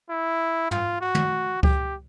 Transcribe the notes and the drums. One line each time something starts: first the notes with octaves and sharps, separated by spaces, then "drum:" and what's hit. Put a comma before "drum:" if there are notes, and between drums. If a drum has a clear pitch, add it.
E4
F4, drum: tom
F#4
drum: tom
G4, drum: kick C#2